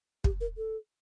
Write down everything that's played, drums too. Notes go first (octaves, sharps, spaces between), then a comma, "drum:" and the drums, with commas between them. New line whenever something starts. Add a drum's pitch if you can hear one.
G4, drum: kick
A#4
A4